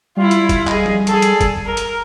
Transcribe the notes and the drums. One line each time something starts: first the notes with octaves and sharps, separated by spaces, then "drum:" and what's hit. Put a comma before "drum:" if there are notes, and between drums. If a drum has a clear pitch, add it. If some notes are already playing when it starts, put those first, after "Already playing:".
G3 E4 F4
drum: hi-hat
drum: kick F#1, hi-hat
G#4 D#5, drum: clap
drum: tom F3
G#4 A4, drum: hi-hat
drum: hi-hat
drum: kick F#1, hi-hat
A#4
drum: hi-hat